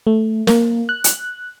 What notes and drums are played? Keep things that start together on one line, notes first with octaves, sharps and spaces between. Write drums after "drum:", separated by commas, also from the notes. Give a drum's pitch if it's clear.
A3
A#3, drum: snare
F#6
drum: hi-hat